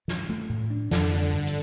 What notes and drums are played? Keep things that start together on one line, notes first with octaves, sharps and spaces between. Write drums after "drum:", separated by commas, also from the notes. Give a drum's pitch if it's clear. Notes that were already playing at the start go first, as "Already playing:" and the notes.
G2, drum: snare
A3
A2
D4
F2 D3, drum: snare
G3
G2
drum: hi-hat